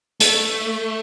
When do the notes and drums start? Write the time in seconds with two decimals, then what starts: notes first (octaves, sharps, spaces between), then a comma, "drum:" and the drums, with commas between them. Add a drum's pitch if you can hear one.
0.20 A3, drum: hi-hat